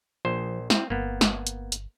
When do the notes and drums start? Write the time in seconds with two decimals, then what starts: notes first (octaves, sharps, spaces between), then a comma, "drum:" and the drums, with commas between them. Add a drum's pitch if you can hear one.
0.25 A#1 F3 C5
0.70 C4 E4, drum: snare
0.90 G1 A#3 B3
1.21 drum: snare
1.47 drum: hi-hat
1.72 drum: hi-hat